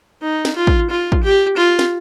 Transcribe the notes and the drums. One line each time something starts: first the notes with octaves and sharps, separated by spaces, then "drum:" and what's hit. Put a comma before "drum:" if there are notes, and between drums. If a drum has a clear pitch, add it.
D#4
drum: snare
F4
drum: kick
F4
drum: kick
G4
F4
drum: snare